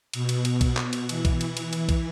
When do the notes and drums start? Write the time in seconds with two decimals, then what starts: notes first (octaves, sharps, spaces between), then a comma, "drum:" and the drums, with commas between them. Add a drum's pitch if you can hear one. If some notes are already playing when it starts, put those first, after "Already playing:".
0.13 B2, drum: cymbal
0.29 drum: cymbal
0.45 drum: cymbal
0.61 drum: kick B1, cymbal
0.77 drum: clap
0.93 drum: cymbal
1.09 E3, drum: cymbal
1.25 drum: kick B1, cymbal
1.41 drum: cymbal
1.57 drum: cymbal
1.73 drum: cymbal
1.89 drum: kick B1, cymbal